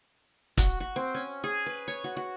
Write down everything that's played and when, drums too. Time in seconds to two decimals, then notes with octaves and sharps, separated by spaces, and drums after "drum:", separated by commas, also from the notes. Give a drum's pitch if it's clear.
0.58 F#4, drum: kick, hi-hat
0.80 F#4
0.96 C4
1.15 C#4
1.44 G#4
1.66 B4
1.88 C#5
2.04 F#4
2.17 F#4